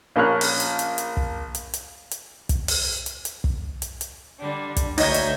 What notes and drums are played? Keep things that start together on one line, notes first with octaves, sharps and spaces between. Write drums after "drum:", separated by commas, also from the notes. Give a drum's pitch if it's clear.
A#1 A#3 C#4 C#5 F5 F#6
drum: open hi-hat
drum: hi-hat
drum: hi-hat
drum: hi-hat
drum: kick
drum: hi-hat
drum: hi-hat
drum: hi-hat
drum: kick, hi-hat
drum: open hi-hat
drum: hi-hat
drum: hi-hat
drum: kick
drum: hi-hat
drum: hi-hat
D3 G3 D4
drum: kick, hi-hat
D2 D#4 C#5 D#5 E5 G6, drum: open hi-hat
drum: hi-hat